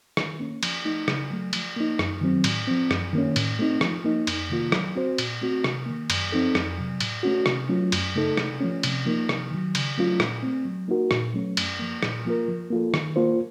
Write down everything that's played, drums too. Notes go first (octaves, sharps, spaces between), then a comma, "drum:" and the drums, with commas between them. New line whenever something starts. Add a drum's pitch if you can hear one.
D#3, drum: rim click
A#3 C#4
F3, drum: cymbal
A3 D#4
C#3, drum: rim click
F#3 A3
F3, drum: cymbal
A#3 D#4
F#2, drum: rim click
D#3 F#3 C4
A2, drum: cymbal
F3 C4
F#2, drum: rim click
D#3 A#3 C#4
A2, drum: cymbal
A3 C4 D#4
F3, drum: rim click
A#3 D#4
F2, drum: cymbal
C3 D#3 A#3 F4
F#3, drum: rim click
C4 F#4 C5
A#2, drum: cymbal
A3 C4 F#4
C3, drum: rim click
D#3 A#3
F#2, drum: cymbal
F3 C4 D#4 A4
F2, drum: rim click
C3 F#3
A2, drum: cymbal
A3 C#4 F#4
C3, drum: rim click
F#3 A3 C#4 F4
F#2, drum: cymbal
C#3 A3 D#4 A4
C3, drum: rim click
F3 A3 C#4
C3, drum: cymbal
F3 A#3 D#4
C3, drum: rim click
D#3 F#3
C#3, drum: cymbal
F#3 A3 C#4 F4
A#2, drum: rim click
A3 C4
F#3
A#3 D#4 F#4 A#4
A#2, drum: rim click
F#3 A3 C#4
F#2, drum: cymbal
F3 A#3
A#2, drum: rim click
F3 A#3 F4 A#4
F3
A#3 F4 A4
D#3, drum: rim click
A#3 F4 C5